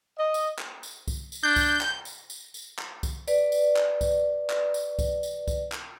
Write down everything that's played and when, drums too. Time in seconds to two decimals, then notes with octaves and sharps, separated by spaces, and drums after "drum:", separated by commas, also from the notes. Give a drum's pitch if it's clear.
0.19 D#5
0.34 drum: tambourine
0.59 drum: clap
0.83 drum: tambourine
1.08 drum: kick C2, tambourine
1.32 drum: tambourine
1.43 D4 G6
1.56 drum: kick C2, tambourine
1.81 drum: clap
2.05 drum: tambourine
2.30 drum: tambourine
2.54 drum: tambourine
2.79 drum: clap
3.03 drum: kick C2, tambourine
3.28 B4 D5, drum: tambourine
3.52 drum: tambourine
3.76 drum: clap
4.01 drum: kick C2, tambourine
4.50 drum: clap
4.74 drum: tambourine
4.99 drum: kick C2, tambourine
5.23 drum: tambourine
5.48 drum: kick C2, tambourine
5.72 drum: clap